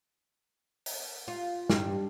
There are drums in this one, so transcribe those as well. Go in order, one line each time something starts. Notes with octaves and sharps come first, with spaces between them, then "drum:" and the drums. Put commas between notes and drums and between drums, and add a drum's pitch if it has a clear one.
drum: open hi-hat
F4
G2, drum: snare